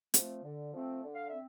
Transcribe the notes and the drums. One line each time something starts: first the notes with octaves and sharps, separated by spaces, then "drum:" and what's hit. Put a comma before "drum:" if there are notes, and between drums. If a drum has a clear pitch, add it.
F3 A3 C4, drum: hi-hat
D3
F3 A3 C4
D3
F5
C4 E5